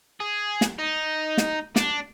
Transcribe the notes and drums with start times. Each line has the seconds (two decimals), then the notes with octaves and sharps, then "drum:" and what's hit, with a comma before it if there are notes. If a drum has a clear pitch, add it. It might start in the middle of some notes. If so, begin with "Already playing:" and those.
0.20 G#4
0.61 drum: snare
0.79 D#4
1.38 drum: snare
1.76 D4, drum: snare